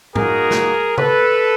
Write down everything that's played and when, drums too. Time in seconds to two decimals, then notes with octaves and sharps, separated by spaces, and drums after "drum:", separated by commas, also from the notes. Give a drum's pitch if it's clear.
0.15 A#3 D#4 F#4 G#4 A#4, drum: tom G#2
0.51 drum: snare
0.98 A4 B4, drum: tom